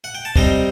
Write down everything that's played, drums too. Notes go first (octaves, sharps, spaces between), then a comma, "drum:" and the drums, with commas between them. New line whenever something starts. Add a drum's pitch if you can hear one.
F#5
G5
A5
C3 G3 C4 D#4 A#5, drum: kick